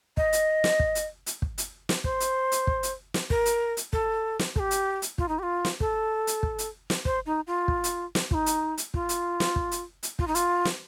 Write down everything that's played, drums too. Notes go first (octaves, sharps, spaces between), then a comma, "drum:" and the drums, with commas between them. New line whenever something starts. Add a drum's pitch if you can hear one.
D#5, drum: kick
drum: hi-hat
drum: snare
drum: kick
drum: hi-hat
drum: hi-hat
drum: kick
drum: hi-hat
drum: snare
C5, drum: kick
drum: hi-hat
drum: hi-hat
drum: kick
drum: hi-hat
drum: snare
A#4, drum: kick
drum: hi-hat
drum: hi-hat
A4, drum: kick
drum: snare
A4, drum: kick
G4
drum: hi-hat
drum: hi-hat
F4, drum: kick
D#4
G4
F4
drum: snare
A4, drum: kick
drum: hi-hat
drum: kick
drum: hi-hat
drum: snare
C5, drum: kick
D#4
F4
drum: kick
drum: hi-hat
drum: snare
F4, drum: kick
D#4
drum: hi-hat
drum: hi-hat
F4, drum: kick
drum: hi-hat
drum: snare
drum: kick
drum: hi-hat
drum: hi-hat
F4, drum: kick
D#4
F4, drum: hi-hat
drum: snare